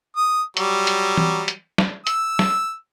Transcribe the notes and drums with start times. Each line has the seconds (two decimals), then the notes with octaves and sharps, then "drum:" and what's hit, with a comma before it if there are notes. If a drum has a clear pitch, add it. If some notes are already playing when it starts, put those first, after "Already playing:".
0.16 D#6
0.57 F#3 G3, drum: hi-hat
0.87 drum: hi-hat
1.18 drum: tom E3
1.48 drum: hi-hat
1.78 drum: snare
2.07 E6, drum: hi-hat
2.39 drum: snare